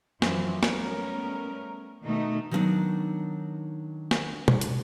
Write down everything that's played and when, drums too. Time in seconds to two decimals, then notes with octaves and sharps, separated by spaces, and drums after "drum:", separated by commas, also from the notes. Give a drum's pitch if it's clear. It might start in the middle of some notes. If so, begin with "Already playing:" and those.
0.22 F#2 E3 F3 C4, drum: snare
0.63 G3 A3 B3 C#4 A#4, drum: snare
2.04 B2 D#3 A3 D#4
2.51 D#3 F#3 G3 B3 D4 D#4
4.11 drum: snare
4.48 drum: tom B2
4.61 drum: hi-hat